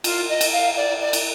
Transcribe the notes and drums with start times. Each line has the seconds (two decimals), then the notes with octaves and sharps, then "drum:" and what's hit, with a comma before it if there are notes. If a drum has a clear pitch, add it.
0.04 F4, drum: cymbal
0.29 D#5
0.41 drum: cymbal
0.53 F5
0.77 D5
1.01 D5
1.13 drum: cymbal